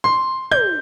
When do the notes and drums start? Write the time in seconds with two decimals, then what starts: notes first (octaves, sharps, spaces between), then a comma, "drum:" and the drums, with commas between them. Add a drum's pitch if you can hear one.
0.04 C6
0.51 G6, drum: tom